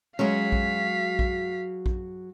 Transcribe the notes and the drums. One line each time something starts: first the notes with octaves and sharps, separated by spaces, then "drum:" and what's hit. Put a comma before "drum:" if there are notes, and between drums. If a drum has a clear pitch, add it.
F#3 G#3 C#4 F#4 G#4 F5 B6
drum: kick
drum: kick
drum: kick